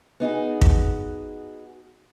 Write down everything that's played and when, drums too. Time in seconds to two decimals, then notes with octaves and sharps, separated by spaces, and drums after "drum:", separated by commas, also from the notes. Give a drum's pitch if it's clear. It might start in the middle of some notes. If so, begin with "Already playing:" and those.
0.20 B3 D#4 F#4 G#4
0.61 drum: kick